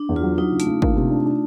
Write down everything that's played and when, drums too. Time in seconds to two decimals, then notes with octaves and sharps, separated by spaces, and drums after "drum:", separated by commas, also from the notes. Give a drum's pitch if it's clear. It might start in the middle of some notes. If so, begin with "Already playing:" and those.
Already playing: D4
0.09 E2
0.16 F4
0.23 F#3
0.38 F#3 D#4
0.52 C#3
0.60 A3, drum: hi-hat
0.66 C#3
0.82 A#3, drum: kick
0.96 C3
1.11 D4
1.26 D4